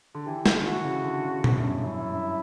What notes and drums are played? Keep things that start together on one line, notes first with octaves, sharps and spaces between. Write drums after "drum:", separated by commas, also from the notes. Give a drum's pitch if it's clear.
D3
E3 G4
D3, drum: snare
E3 F#4
C#3
D3
C#3
B2, drum: tom
F#2
G2
F#2 E4
F#2
G2